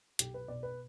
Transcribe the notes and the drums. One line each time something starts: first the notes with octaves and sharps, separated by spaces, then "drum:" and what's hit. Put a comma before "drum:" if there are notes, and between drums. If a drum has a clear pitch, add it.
B1 G4, drum: hi-hat
B4
B2 D5
B4